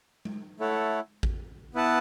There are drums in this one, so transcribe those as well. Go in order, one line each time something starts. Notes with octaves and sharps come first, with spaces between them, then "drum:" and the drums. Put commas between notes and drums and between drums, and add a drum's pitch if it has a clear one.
drum: tom G#3
A3 E4 A4 C#5 F#5
drum: kick A1
B3 E4 B4 F#5 A5